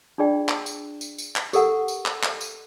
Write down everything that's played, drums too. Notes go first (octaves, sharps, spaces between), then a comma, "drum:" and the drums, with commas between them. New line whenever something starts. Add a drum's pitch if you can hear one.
D4 F4 G#4 D5 G5
drum: clap
drum: tambourine
drum: tambourine
drum: tambourine
drum: clap
G4 A4 A#4 F#5, drum: tambourine
drum: tambourine
drum: clap
drum: clap
drum: tambourine